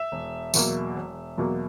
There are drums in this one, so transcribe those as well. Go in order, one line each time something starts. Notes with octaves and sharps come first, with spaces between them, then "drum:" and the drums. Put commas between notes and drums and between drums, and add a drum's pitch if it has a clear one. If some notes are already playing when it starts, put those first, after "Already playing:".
Already playing: E5
E1
E2 B2 F#3 A#3, drum: tambourine
E1
E2 B2 F#3 A#3